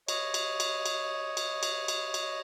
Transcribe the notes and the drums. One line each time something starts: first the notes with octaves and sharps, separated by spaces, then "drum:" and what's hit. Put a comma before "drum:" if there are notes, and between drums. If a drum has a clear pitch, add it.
C#5 D#5, drum: cymbal
drum: cymbal
drum: cymbal
drum: cymbal
drum: cymbal
drum: cymbal
drum: cymbal
drum: cymbal